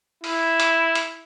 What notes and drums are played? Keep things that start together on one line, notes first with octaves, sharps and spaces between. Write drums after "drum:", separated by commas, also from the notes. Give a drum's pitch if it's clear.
E4, drum: open hi-hat
drum: hi-hat
drum: hi-hat